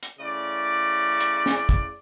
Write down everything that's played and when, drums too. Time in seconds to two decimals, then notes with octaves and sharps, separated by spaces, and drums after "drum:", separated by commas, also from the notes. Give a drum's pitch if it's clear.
0.03 drum: hi-hat
0.19 A2 C#3 D5
1.20 drum: hi-hat
1.46 drum: snare
1.69 drum: kick